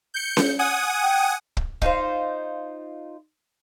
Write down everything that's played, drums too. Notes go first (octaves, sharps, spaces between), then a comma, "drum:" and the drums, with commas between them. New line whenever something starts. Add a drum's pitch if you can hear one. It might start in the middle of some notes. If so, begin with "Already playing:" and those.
G6 C#7
drum: snare C#4
F#5 G#5 D#6
G5
drum: kick
D#4 F4 A#4 C5, drum: kick